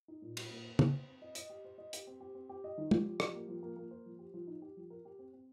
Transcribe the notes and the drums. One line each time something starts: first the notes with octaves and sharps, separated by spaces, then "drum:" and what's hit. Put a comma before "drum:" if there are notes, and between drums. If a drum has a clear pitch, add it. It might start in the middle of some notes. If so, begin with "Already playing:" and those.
D#4
A#2
A#2, drum: cymbal
A#3
C5
C5, drum: tom
C5
C4
D#5
D#5, drum: hi-hat
G4
C5
D#5
G4, drum: hi-hat
C4
G4
C4
G4
D#5
D#3
G4, drum: tom
F3
G4, drum: rim click
A#3
F3
A#3
A#3
C5
F3
G4
F3
D#4
G4
F3
A#4
G4
C4
C4